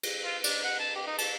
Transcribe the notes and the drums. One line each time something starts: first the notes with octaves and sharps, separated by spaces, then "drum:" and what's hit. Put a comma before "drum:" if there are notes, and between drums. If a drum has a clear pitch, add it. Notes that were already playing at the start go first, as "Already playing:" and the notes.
drum: cymbal
F4
D4, drum: cymbal
F#5
A5
G4
D#4
A5, drum: cymbal